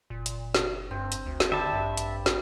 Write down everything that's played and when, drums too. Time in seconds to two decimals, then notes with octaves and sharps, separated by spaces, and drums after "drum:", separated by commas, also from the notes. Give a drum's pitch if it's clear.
0.10 F#1 A#2
0.26 drum: hi-hat
0.54 drum: snare
0.91 G2 C4
1.12 drum: hi-hat
1.26 D2
1.40 drum: snare
1.52 D3 G3 E5 A5
1.73 A1 G2
1.97 drum: hi-hat
2.26 drum: snare